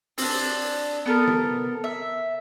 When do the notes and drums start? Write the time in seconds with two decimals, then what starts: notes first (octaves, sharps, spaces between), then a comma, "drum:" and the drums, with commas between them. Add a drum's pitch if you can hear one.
0.18 C4 D4, drum: open hi-hat
1.06 B3 A4 A#4
1.27 drum: tom C3
1.84 E5